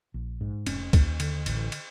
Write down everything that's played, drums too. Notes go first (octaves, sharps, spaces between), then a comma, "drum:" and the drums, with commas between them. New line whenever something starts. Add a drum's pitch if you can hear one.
A#1
G#2
F1 C#4, drum: cymbal
D#2, drum: kick C2, cymbal
D3, drum: cymbal
A1, drum: cymbal
drum: cymbal